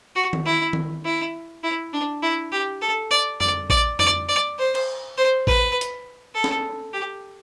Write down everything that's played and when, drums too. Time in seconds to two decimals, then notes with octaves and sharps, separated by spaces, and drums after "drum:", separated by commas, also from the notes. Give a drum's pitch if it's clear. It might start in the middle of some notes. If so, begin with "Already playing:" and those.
0.16 F#4
0.33 drum: tom D#3
0.45 E4
0.73 drum: tom D#3
1.05 E4
1.64 E4
1.93 D4
2.23 E4
2.52 G4
2.82 A4
3.11 D5
3.40 D5, drum: tom F2
3.70 D5, drum: kick A1
3.99 D5, drum: tom F2
4.28 D5
4.58 C5
4.75 drum: cymbal
5.17 C5
5.47 B4, drum: kick A1
5.81 drum: hi-hat
6.35 A4
6.44 drum: snare C#4
6.93 G4